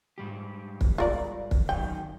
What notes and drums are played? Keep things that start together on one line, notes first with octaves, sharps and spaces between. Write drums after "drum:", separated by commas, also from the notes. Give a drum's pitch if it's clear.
G#2 G3 G4
drum: kick
F4 A#4 D5
drum: kick
F#2 D#3 G5 G#5